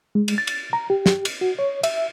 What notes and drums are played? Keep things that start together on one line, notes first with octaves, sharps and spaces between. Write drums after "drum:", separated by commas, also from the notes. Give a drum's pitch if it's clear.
G#3
drum: cymbal
A6
drum: cymbal
A#5
G4
drum: snare
drum: cymbal
F#4
C#5
E5, drum: cymbal